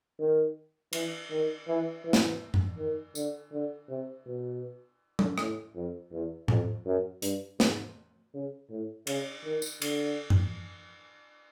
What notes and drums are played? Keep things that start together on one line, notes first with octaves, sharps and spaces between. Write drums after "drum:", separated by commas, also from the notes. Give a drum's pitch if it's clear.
D#3
E3, drum: cymbal
D#3
E3
E3
drum: snare
drum: tom F#2
D#3
D3, drum: tambourine
D3
C3
B2
drum: tom
A2, drum: rim click
F2
E2
F2, drum: tom A2
F#2
G2, drum: hi-hat
G#2, drum: snare
C#3
A2
C#3, drum: cymbal
D#3
drum: tambourine
D3, drum: cymbal
drum: tom F#2